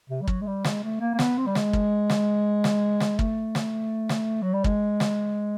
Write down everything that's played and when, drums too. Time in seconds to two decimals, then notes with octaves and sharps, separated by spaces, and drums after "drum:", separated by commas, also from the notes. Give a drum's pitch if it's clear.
0.09 C3
0.22 G3
0.27 F#3, drum: kick
0.41 G#3
0.47 G3
0.65 G#3, drum: snare
0.83 A3
1.00 A#3
1.14 A#3
1.19 B3, drum: snare
1.38 C4
1.46 G3
1.55 G#3, drum: snare
1.73 drum: kick
2.10 drum: snare
2.64 drum: snare
3.00 drum: snare
3.19 A3, drum: kick
3.55 drum: snare
4.09 drum: snare
4.42 F#3
4.53 G3
4.64 G#3, drum: kick
5.00 drum: snare